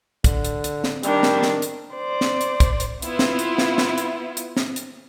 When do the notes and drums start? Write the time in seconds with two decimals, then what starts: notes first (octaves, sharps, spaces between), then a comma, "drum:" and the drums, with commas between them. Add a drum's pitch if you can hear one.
0.24 D3, drum: kick, hi-hat
0.45 drum: hi-hat
0.64 drum: hi-hat
0.84 drum: snare
1.03 D#3 G3 D4, drum: hi-hat
1.23 drum: snare
1.43 drum: snare
1.62 drum: hi-hat
1.94 C5 D5
2.21 drum: snare
2.41 drum: hi-hat
2.60 drum: kick, hi-hat
2.80 drum: hi-hat
3.02 B3 E4 F4, drum: hi-hat
3.19 drum: snare
3.39 drum: hi-hat
3.58 drum: snare
3.78 drum: snare
3.98 drum: hi-hat
4.37 drum: hi-hat
4.57 drum: snare
4.76 drum: hi-hat